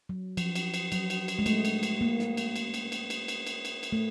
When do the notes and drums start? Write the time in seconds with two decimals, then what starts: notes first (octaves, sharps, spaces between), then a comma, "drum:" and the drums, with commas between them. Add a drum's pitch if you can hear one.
0.09 F#3
0.37 F3, drum: cymbal
0.55 drum: cymbal
0.74 drum: cymbal
0.92 F#3, drum: cymbal
1.10 drum: cymbal
1.28 drum: cymbal
1.39 G#3
1.46 A3, drum: cymbal
1.65 drum: cymbal
1.83 drum: cymbal
2.01 A#3
2.19 drum: snare
2.37 drum: cymbal
2.56 drum: cymbal
2.74 drum: cymbal
2.92 drum: cymbal
3.10 drum: cymbal
3.28 drum: cymbal
3.47 drum: cymbal
3.65 drum: cymbal
3.83 drum: cymbal
3.92 A3